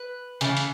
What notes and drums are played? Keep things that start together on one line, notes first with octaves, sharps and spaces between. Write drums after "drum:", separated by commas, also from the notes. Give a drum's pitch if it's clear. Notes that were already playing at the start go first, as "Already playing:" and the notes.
Already playing: B4
C#3 E3 A3, drum: hi-hat
drum: hi-hat